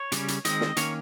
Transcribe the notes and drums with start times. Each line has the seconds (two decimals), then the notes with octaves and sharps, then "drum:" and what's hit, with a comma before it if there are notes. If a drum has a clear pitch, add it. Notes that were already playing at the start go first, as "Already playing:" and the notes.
Already playing: C#5
0.12 C#3 G3 C#4, drum: hi-hat
0.28 drum: hi-hat
0.45 D#3 G#3 C4 D#5, drum: hi-hat
0.61 drum: snare
0.77 D#3 A#3 C#4 C#5, drum: hi-hat